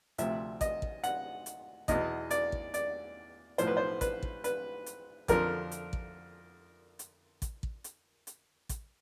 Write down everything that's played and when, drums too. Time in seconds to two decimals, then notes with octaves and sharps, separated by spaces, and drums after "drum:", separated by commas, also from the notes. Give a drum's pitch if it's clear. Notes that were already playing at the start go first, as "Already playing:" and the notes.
0.18 D2 C3 F3 E5, drum: hi-hat
0.61 D#5, drum: kick, hi-hat
0.82 drum: kick
1.03 F#5, drum: hi-hat
1.46 drum: hi-hat
1.88 E2 B2 D#5, drum: kick, hi-hat
2.31 D5, drum: hi-hat
2.52 drum: kick
2.74 D5, drum: hi-hat
3.58 B1 A2 F3 C5, drum: hi-hat
3.67 B4
3.77 C5
4.01 B4, drum: kick, hi-hat
4.23 drum: kick
4.44 B4, drum: hi-hat
4.86 drum: hi-hat
5.28 F2 D3 F3 A#4, drum: kick, hi-hat
5.71 drum: hi-hat
5.93 drum: kick
6.99 drum: hi-hat
7.42 drum: kick, hi-hat
7.63 drum: kick
7.84 drum: hi-hat
8.27 drum: hi-hat
8.69 drum: kick, hi-hat